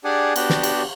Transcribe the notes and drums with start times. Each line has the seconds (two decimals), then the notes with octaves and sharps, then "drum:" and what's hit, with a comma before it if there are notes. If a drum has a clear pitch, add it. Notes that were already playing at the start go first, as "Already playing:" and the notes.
0.04 D4 G4 G#4 D5 F#5 G#5
0.36 B3 D4 F#4 G4, drum: cymbal
0.50 drum: snare
0.63 drum: cymbal